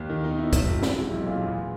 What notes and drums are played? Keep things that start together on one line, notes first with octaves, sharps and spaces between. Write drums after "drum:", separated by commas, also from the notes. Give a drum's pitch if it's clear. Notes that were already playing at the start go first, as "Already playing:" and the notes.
Already playing: D#2
D#3
B2 D#4
B2 E4
D#4
G#1 E4, drum: kick, hi-hat
G#1
C3, drum: snare
E1
B1 E4
A#2 F4
E2